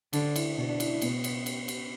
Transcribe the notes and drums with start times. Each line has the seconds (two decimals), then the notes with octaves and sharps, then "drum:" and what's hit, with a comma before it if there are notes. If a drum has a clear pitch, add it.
0.13 D3 D4, drum: cymbal
0.36 E4, drum: cymbal
0.58 B2 D4
0.69 D4
0.80 E4, drum: cymbal
0.91 E4
1.02 B2 B3, drum: cymbal
1.24 drum: cymbal
1.46 drum: cymbal
1.68 drum: cymbal